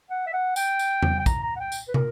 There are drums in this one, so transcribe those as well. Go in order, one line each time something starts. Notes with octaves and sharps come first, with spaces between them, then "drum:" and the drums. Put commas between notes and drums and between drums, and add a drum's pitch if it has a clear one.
F#5
E5
F#5
G5, drum: tambourine
drum: tambourine
drum: tom E2
G5
A#5, drum: kick, tambourine
A#5
F#5
G5
drum: tambourine
B4
A#4, drum: tom